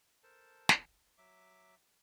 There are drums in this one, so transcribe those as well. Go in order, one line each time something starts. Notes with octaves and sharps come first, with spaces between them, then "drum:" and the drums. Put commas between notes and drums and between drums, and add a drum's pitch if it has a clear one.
A4 A#4 C5 A5
drum: snare
F#3 E5 D6